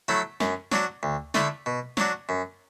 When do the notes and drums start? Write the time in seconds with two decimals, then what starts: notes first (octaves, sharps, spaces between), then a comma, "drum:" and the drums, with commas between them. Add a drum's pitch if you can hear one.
0.08 F#3 A3 E4
0.40 F#2, drum: snare
0.72 F#3 D4 F#4, drum: snare
1.03 D2
1.34 D3 A3 E4, drum: snare
1.66 B2
1.97 F#3 D4 F#4, drum: snare
2.29 F#2